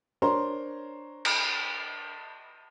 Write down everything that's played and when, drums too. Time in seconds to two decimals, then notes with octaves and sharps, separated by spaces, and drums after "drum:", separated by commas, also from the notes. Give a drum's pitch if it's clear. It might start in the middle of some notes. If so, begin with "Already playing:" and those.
0.22 D4 A#4 C5 C#5 A#5 C6
1.25 drum: cymbal